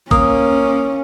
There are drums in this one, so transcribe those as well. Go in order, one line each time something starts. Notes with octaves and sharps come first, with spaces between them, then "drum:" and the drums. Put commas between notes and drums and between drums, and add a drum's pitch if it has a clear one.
A#3 C#4 D#6, drum: kick